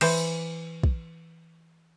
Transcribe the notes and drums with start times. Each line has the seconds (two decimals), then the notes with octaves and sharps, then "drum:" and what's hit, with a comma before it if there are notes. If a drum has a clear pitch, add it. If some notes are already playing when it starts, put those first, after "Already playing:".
0.01 E3 C5, drum: cymbal
0.17 drum: tambourine
0.83 drum: kick